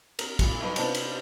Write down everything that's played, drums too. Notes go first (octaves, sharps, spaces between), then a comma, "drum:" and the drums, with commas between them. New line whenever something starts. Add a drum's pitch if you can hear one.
A#4, drum: cymbal
G2 A#2, drum: kick, cymbal
B1 G2 D#4 B4
C3 B3 C4 D4 D#4 F4, drum: cymbal
drum: cymbal